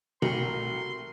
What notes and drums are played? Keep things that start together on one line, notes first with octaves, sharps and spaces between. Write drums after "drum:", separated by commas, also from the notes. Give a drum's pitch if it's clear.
C2 G3 A3 F#4 A#4 C6, drum: tom B2